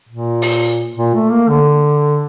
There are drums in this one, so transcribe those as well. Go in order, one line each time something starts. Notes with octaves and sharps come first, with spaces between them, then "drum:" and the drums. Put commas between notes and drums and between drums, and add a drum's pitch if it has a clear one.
A#2
drum: open hi-hat
A#2
A3
A#3
D3